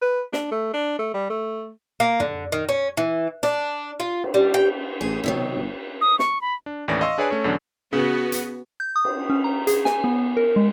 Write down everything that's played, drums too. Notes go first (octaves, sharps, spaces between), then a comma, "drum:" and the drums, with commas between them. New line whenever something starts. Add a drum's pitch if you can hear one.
B4
D4, drum: snare
A3
D4
A3
G3
A3
A#3
D3, drum: tom
D#3
C#4
E3
D4, drum: snare
F4
drum: cymbal
G3
G5
A1 G#4
F1 C3 D#3 F#3
B2
G1
D#6
C#6, drum: snare
B5
D4
D#2 A2 E3 C#4 D5 A#6
D#5 F5 C6 C#6 E6
D4 G#4 B4 C#5 D5 G#5
A3 C#4 C#5
E2 B2 D3 F#3 C#4 D4
C#3 B3 F#4
drum: hi-hat
G6
D#6
drum: cymbal
C#4
A#5
G#4, drum: hi-hat
G#5, drum: snare
B3
A#4
G#3